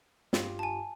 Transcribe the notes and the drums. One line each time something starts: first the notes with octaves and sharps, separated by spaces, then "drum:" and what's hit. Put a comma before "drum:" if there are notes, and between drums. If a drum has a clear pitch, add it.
G2 F4 G4, drum: snare
G#5 A5